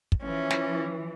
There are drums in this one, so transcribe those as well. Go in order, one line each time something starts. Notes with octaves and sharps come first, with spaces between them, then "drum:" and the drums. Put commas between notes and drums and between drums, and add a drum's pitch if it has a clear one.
drum: kick
E3 F3 C#4
drum: snare